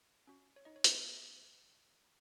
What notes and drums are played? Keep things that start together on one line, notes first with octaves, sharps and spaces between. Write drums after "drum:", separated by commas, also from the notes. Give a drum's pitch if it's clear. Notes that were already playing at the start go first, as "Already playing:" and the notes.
C#4 F#4
C#5
D#4 D#5
C#5
B3 D#4 F#4 D#5, drum: hi-hat